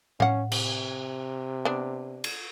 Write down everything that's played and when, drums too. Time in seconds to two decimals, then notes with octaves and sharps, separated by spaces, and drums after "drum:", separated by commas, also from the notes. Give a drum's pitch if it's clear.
0.20 C#4 F5 F#5, drum: tom A2
0.52 C3, drum: cymbal
1.65 B3 D4
2.24 drum: cymbal